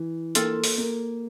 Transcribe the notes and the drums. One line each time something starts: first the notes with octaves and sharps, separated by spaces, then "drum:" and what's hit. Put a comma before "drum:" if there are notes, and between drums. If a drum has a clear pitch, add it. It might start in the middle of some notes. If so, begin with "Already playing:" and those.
Already playing: E3
A#3 F4 A4, drum: hi-hat
drum: open hi-hat
A#3